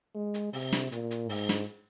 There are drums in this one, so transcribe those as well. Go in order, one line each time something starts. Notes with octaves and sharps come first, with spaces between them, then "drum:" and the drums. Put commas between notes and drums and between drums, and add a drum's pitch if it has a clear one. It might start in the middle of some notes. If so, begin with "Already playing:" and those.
G#3
drum: hi-hat
C3, drum: open hi-hat
drum: snare
A#2, drum: hi-hat
drum: hi-hat
G#2, drum: open hi-hat
drum: snare